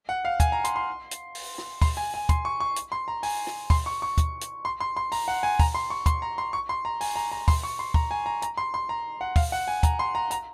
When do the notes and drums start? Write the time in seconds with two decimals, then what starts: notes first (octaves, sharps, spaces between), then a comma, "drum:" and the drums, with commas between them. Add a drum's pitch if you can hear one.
0.09 F#5
0.25 F5
0.40 G#5, drum: kick, hi-hat
0.52 A#5
0.64 C6, drum: hi-hat
0.76 C6
1.11 drum: hi-hat
1.35 drum: open hi-hat
1.58 drum: rim click
1.82 C6, drum: kick, open hi-hat
1.97 G#5
2.14 G#5
2.29 C6, drum: kick, hi-hat
2.45 C#6
2.60 C#6
2.76 drum: hi-hat
2.92 C6
3.08 A#5
3.23 G#5, drum: open hi-hat
3.47 drum: rim click
3.70 C6, drum: kick, open hi-hat
3.86 C#6
4.02 C#6
4.18 drum: kick, hi-hat
4.41 drum: hi-hat
4.65 C6
4.80 C6
4.97 C6
5.12 A#5, drum: open hi-hat
5.28 F#5
5.43 G#5
5.59 A#5, drum: kick, open hi-hat
5.75 C6
5.90 C#6
6.06 C6, drum: kick, hi-hat
6.22 A#5
6.38 C6
6.53 C#6
6.69 C6
6.85 A#5
7.01 G#5, drum: open hi-hat
7.16 A#5
7.32 A#5
7.48 C6, drum: kick, open hi-hat
7.63 C#6
7.79 C6
7.94 A#5, drum: kick
8.11 G#5
8.26 A#5
8.42 A#5, drum: hi-hat
8.58 C6
8.74 C6
8.89 A#5
9.21 F#5
9.36 F5, drum: kick, open hi-hat
9.52 F#5
9.68 G#5
9.83 A#5, drum: kick, hi-hat
9.99 C6
10.15 A#5
10.31 A#5, drum: hi-hat